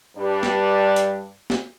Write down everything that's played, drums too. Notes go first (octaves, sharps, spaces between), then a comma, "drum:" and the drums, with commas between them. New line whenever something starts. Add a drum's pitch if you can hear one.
G2 G3 D4
drum: snare
drum: hi-hat
drum: snare